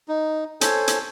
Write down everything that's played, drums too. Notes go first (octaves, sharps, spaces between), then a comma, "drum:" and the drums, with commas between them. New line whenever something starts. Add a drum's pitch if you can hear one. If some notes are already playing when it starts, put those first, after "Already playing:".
D#4
A4 C5 C#5 G#5, drum: hi-hat
drum: hi-hat